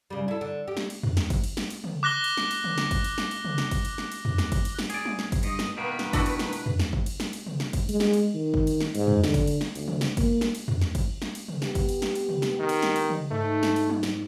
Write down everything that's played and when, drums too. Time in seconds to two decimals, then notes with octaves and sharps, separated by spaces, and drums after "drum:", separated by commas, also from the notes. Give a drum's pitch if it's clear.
0.10 C#3 G3
0.28 E4 A4
0.41 D3
0.68 G4
0.77 drum: snare
0.90 drum: cymbal
1.03 drum: tom
1.17 drum: snare
1.30 drum: kick G1, cymbal
1.44 drum: cymbal
1.57 drum: snare
1.70 drum: cymbal
1.84 drum: tom
2.03 D6 F#6 A#6 G7
2.24 drum: cymbal
2.37 drum: snare
2.51 drum: cymbal
2.64 drum: tom
2.78 drum: snare
2.91 drum: kick G1, cymbal
3.04 drum: cymbal
3.18 drum: snare
3.31 drum: cymbal
3.45 drum: tom
3.58 drum: snare
3.71 drum: kick G1, cymbal
3.85 drum: cymbal
3.98 drum: snare
4.12 drum: cymbal
4.25 drum: tom
4.38 drum: snare
4.52 drum: kick G1, cymbal
4.65 drum: cymbal
4.79 drum: snare
4.90 G#4 D5, drum: cymbal
5.05 drum: tom
5.19 drum: snare
5.32 drum: kick G1, cymbal
5.43 G2 D#5, drum: cymbal
5.59 drum: snare
5.77 B2 D#3 A#3 B4
5.99 drum: snare
6.13 D4 E4 F#4, drum: kick G1, cymbal
6.26 drum: cymbal
6.39 drum: snare
6.53 drum: cymbal
6.66 drum: tom
6.80 drum: snare
6.93 drum: kick G1
7.06 drum: cymbal
7.20 drum: snare
7.33 drum: cymbal
7.47 drum: tom
7.60 drum: snare
7.73 drum: kick G1, cymbal
7.89 G#3, drum: cymbal
8.00 drum: snare
8.14 drum: cymbal
8.34 D#3
8.54 drum: kick G1
8.67 drum: cymbal
8.80 drum: snare
8.95 G#2, drum: cymbal
9.07 drum: tom
9.24 D3, drum: snare
9.34 drum: kick G1, cymbal
9.47 drum: cymbal
9.61 drum: snare
9.75 D2, drum: cymbal
9.88 drum: tom
10.01 drum: snare
10.17 A#3, drum: kick G1, cymbal
10.41 drum: snare
10.55 drum: cymbal
10.68 drum: tom
10.81 drum: snare
10.95 drum: kick G1, cymbal
11.22 drum: snare
11.35 drum: cymbal
11.48 drum: tom
11.62 B3 G4, drum: snare
11.75 drum: kick G1, cymbal
11.89 drum: cymbal
12.02 drum: snare
12.15 drum: cymbal
12.29 drum: tom
12.42 drum: snare
12.60 D#3
12.69 drum: cymbal
12.82 drum: snare
12.96 drum: cymbal
13.09 drum: tom
13.31 G#2 A3
13.63 drum: snare
13.76 drum: cymbal
13.90 drum: tom
14.03 drum: snare